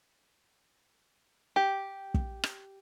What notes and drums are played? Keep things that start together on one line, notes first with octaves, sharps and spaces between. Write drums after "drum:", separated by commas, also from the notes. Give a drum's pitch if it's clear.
G4
drum: kick
drum: rim click